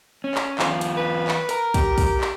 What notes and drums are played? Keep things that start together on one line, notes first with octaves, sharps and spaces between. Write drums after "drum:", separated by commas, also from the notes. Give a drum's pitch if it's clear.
C#4
drum: clap
E2 F4, drum: clap
drum: hi-hat
B4
drum: clap
A#4 A#5, drum: hi-hat
G4, drum: kick, hi-hat
drum: kick, open hi-hat
drum: clap